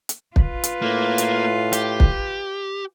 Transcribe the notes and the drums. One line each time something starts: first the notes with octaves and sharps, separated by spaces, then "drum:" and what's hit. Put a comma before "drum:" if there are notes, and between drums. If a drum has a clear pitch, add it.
drum: hi-hat
F4 B4, drum: kick
drum: hi-hat
A2 A#3
drum: hi-hat
G4, drum: hi-hat
drum: kick